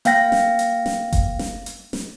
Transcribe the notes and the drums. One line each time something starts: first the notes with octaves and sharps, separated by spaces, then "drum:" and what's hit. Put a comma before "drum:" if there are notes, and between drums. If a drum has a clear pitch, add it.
A#3 F5 G5 A#6, drum: hi-hat
drum: snare
drum: hi-hat
drum: snare
drum: kick F#1, hi-hat
drum: snare
drum: hi-hat
drum: snare